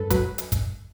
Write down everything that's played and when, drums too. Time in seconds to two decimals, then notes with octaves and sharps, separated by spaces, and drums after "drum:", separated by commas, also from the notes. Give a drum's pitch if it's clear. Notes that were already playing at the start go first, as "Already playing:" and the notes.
Already playing: G2 A4 B4
0.10 F#3 B4, drum: kick, hi-hat
0.38 drum: hi-hat
0.52 drum: kick, hi-hat